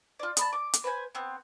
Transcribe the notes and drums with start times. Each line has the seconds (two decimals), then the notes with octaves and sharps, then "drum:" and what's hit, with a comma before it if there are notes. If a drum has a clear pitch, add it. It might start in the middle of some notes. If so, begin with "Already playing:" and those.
0.19 F4 D5
0.37 A5 B5 D#6, drum: hi-hat
0.53 D6
0.74 drum: hi-hat
0.84 B4 C5 G#5
1.15 B3 C4